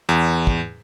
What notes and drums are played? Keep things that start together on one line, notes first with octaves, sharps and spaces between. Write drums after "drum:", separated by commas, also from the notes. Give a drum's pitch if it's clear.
E2
drum: kick